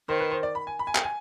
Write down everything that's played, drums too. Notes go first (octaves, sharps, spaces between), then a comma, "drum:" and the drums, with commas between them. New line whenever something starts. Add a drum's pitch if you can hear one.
D#3 C5
B4
C5
D5
B5
G#5
B5
G#5
G5, drum: clap
G#5